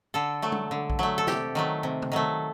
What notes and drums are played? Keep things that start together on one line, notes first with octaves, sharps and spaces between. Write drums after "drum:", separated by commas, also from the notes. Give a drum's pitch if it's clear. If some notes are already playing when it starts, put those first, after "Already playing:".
D3 A4
F#3 A3
drum: tom G3
D3
drum: kick A#1
F#3 A3
A4
C3 G4, drum: snare
D#3 F#3 A3
C3
drum: tom
D#3 F#3 A3